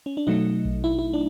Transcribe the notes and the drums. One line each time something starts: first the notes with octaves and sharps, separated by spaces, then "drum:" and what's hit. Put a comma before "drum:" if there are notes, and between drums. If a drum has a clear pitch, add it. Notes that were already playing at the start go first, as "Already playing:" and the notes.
C#4
D4
B2 F#3 A3 D#4
drum: kick A#1
E4
E4
D4